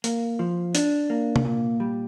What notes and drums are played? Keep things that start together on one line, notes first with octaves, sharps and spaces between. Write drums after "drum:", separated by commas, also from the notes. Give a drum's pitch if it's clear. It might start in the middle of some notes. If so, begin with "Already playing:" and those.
A#3, drum: hi-hat
F3
D4, drum: hi-hat
A#3
drum: tom
A#2
G3